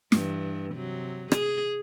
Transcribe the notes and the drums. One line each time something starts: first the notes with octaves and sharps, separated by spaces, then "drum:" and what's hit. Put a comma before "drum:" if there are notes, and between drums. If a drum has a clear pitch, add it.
G2 E3, drum: snare
C3 F#3
G#4, drum: rim click